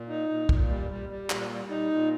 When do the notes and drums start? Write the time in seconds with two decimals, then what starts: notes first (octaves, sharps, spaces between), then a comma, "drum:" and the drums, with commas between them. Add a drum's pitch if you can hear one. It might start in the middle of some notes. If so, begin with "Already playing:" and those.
Already playing: A#2
0.09 D#4
0.29 A#2
0.49 A#2, drum: kick
0.69 G3
0.89 G3
1.09 G3
1.30 A#2, drum: clap
1.49 G3
1.70 D#4
1.90 A#2